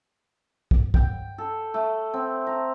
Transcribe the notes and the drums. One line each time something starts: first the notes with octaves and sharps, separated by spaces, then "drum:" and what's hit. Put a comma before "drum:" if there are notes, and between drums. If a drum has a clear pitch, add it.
drum: kick
G5, drum: kick
A4
A3
C4
A#5